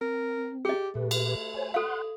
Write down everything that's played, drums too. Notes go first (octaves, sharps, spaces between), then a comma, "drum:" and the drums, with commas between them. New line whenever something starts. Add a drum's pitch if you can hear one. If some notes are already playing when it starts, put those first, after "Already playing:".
C4 A#4
G4 G#4 D#5
A#2 A3 G4 B4
drum: cymbal
C5 C#5 G#5
A4 F5 F#5 C6 F#6